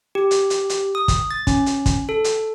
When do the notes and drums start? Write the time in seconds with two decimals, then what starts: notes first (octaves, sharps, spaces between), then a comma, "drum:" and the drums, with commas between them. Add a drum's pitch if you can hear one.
0.15 G4
0.31 drum: hi-hat
0.50 drum: hi-hat
0.69 drum: hi-hat
0.95 D#6
1.08 drum: kick, hi-hat
1.31 A6
1.47 C#4, drum: kick, hi-hat
1.66 drum: hi-hat
1.86 drum: kick, hi-hat
2.09 A4
2.24 drum: hi-hat